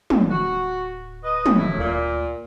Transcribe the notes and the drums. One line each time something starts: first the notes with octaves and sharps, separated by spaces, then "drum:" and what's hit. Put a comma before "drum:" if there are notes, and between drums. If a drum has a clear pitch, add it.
D1, drum: tom
F#4
B4 D#5
drum: tom
F#2 A2 E4
D2 A#2